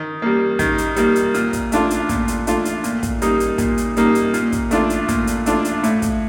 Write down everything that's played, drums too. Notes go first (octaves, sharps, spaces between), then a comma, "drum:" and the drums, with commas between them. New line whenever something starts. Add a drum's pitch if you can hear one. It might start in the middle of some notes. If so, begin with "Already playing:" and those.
Already playing: D#3
G3 A#3
D#3, drum: kick, hi-hat
drum: hi-hat
G3 A#3, drum: hi-hat
drum: hi-hat
A#2, drum: hi-hat
drum: kick, hi-hat
A3 D4 F4, drum: hi-hat
drum: hi-hat
A#2, drum: kick, hi-hat
drum: hi-hat
A3 D4 F4, drum: hi-hat
drum: hi-hat
A#2, drum: hi-hat
drum: kick, hi-hat
G3 A#3 D#4, drum: hi-hat
drum: hi-hat
A#2, drum: kick, hi-hat
drum: hi-hat
G3 A#3 D#4, drum: hi-hat
drum: hi-hat
A#2, drum: hi-hat
drum: kick, hi-hat
A3 D4 F4, drum: hi-hat
drum: hi-hat
A#2, drum: kick, hi-hat
drum: hi-hat
A3 D4 F4, drum: hi-hat
drum: hi-hat
A2, drum: hi-hat
drum: kick, hi-hat